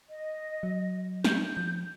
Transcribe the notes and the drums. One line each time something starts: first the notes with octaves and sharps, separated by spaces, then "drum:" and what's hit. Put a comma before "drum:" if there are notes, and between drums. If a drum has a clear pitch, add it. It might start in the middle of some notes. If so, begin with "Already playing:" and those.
D#5
F#3
G6, drum: snare
F3